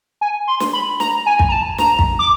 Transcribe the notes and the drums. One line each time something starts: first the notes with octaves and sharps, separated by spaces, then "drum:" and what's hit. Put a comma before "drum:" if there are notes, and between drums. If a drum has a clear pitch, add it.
G#5
C6
drum: snare
B5
A#5, drum: snare
G#5
drum: kick
A#5
A5
A#5, drum: snare
drum: kick
D6